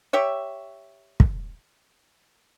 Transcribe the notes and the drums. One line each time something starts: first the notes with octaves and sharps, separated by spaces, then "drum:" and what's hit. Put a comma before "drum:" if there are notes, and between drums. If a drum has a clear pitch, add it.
G4 C#5 E5
drum: kick